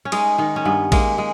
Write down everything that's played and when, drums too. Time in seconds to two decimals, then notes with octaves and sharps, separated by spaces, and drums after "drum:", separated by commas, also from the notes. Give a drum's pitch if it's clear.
0.05 C#4
0.12 G#3 D#4, drum: cymbal
0.38 D#3 D#4
0.56 C#4
0.65 G2 B3
0.92 G#3 A#3, drum: kick, cymbal
1.18 G#3